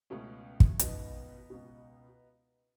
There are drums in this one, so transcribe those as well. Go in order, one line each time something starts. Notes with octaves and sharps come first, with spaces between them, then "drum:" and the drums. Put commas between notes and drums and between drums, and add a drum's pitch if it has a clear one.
C#2 B2 A3 C#4
drum: kick
C#2 B2 B3 D#4, drum: hi-hat
C#2 B2